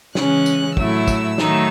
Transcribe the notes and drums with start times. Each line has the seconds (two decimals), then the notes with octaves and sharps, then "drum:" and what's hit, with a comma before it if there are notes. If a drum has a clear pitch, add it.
0.15 C#3 E3 G#3 C#4 F#6, drum: snare
0.46 drum: tambourine
0.77 A2 F#3 A3 E4 E6, drum: kick
1.08 drum: kick, tambourine
1.38 D#3 F#3 A3 D#4, drum: snare